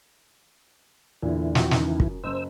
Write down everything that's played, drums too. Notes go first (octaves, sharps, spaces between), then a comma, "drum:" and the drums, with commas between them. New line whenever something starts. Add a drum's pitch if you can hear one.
E2 A#2 D3 E3 E4
F3 C4 F#4, drum: snare
C#2 D#3, drum: snare
F#2, drum: kick
F#1 C5 E6